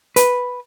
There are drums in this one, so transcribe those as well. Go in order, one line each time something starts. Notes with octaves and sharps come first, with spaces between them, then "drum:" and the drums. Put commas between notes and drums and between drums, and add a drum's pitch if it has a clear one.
B4, drum: hi-hat